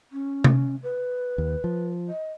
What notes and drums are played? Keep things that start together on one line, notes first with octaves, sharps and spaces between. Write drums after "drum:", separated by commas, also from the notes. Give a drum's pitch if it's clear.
C#4
drum: tom C3
B4
D#2
F3
D#5